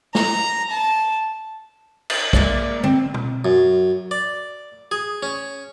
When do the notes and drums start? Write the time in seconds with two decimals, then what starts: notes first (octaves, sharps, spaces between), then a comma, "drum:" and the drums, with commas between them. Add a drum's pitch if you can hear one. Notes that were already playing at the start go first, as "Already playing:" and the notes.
0.15 A#5, drum: snare
0.70 A5
2.10 drum: cymbal
2.33 G#3 A#3 D5 E5, drum: kick
2.84 C4, drum: tom D3
3.14 drum: tom B2
3.45 F#2
4.11 D5
4.91 G#4
5.23 C#4